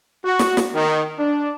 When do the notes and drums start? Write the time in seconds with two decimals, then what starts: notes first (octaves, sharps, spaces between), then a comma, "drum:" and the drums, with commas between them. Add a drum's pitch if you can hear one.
0.25 F#4
0.39 drum: snare
0.57 drum: snare
0.75 D#3
1.19 D4